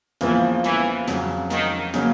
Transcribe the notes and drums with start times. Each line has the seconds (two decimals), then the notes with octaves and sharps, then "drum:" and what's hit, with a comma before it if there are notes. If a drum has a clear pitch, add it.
0.21 E2 C#3 E3 F3 A#3, drum: snare
0.64 E3, drum: snare
1.08 F2 C#3 F#3, drum: snare
1.50 D#3, drum: snare
1.94 C#3 F#3 A#3, drum: snare